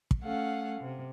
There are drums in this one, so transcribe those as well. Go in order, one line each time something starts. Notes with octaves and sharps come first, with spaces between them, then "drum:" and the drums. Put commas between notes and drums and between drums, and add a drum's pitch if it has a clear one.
drum: kick
A3 C#4 A4 F5 F#5
C3